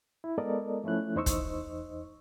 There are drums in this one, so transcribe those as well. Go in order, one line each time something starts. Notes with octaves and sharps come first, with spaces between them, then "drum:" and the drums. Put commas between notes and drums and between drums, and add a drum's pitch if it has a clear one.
E4
G#3 B3 A4 A#4 D5 D#5
F3 A3 C#4 E4 F#6
E2 D#4 C5 D#5 C#6 E6
drum: kick, hi-hat